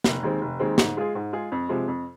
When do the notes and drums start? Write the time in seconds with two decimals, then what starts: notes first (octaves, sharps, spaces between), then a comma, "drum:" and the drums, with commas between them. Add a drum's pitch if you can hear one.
0.04 F1, drum: snare
0.23 D#2 D#3 G#3 C4
0.41 F1
0.60 D#2 D#3 G#3 C4
0.78 G#2, drum: snare
0.97 G#3 F4 G#4
1.15 G#2
1.33 G#3 F4 G#4
1.52 F2
1.69 C3 F3 G#3
1.88 F2